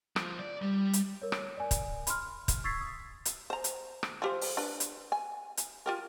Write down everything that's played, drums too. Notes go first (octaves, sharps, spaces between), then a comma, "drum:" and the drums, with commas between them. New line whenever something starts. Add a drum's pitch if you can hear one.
F3, drum: rim click
D5
G3
drum: hi-hat
A#4 C#5
drum: rim click
D5 G#5
drum: kick, hi-hat
B5 C6 F6, drum: hi-hat
drum: kick, hi-hat
C#6 E6 G#6 A6 B6 C7
D#6
drum: hi-hat
C5 A#5
drum: hi-hat
drum: rim click
F3 G4 C5
drum: open hi-hat
D4 B4
drum: hi-hat
G#5
drum: hi-hat
F4 G4 A#4